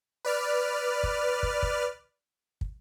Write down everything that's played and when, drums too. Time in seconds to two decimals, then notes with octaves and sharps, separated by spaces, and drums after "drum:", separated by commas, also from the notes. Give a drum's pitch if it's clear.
0.25 B4 D5 F6
1.03 drum: kick
1.43 drum: kick
1.63 drum: kick
2.61 drum: kick